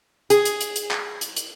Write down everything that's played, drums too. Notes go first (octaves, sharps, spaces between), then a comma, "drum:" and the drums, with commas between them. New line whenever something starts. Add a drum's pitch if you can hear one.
G#4, drum: hi-hat
drum: hi-hat
drum: hi-hat
drum: hi-hat
drum: clap
drum: hi-hat
drum: hi-hat